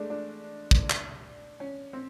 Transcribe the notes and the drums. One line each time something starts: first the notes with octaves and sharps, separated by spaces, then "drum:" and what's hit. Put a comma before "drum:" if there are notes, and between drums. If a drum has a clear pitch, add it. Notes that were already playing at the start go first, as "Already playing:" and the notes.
Already playing: G#3 A3 D4
D4
drum: kick
drum: clap
C#4
C4